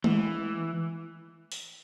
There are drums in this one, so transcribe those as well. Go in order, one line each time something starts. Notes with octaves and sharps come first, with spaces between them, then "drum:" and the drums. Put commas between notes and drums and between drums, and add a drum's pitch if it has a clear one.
E3, drum: tom G#3
drum: open hi-hat